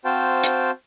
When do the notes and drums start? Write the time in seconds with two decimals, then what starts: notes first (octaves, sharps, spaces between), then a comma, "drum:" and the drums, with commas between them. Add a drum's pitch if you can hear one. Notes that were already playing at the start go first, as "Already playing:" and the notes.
0.05 C4 F#4 C5 F5 G5 A5
0.44 drum: hi-hat